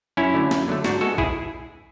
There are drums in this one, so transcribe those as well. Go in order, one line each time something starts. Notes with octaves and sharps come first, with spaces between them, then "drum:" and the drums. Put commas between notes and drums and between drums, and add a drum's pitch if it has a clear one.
F#2 C#4 E4
D3 F#3 A3
F#2, drum: snare
D3 F#3 A3
G#2 D4 F#4, drum: snare
G#3 B3 F#4 A4
E4 G#4, drum: kick